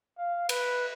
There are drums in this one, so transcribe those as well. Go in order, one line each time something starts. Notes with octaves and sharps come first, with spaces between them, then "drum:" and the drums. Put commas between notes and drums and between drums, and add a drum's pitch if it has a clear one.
F5
B4, drum: cymbal